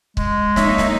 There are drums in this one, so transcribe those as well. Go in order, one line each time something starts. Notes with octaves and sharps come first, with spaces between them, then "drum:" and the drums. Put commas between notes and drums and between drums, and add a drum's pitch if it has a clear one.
G#3, drum: kick C#1
A#3 D#4 C#5 E5, drum: snare
drum: snare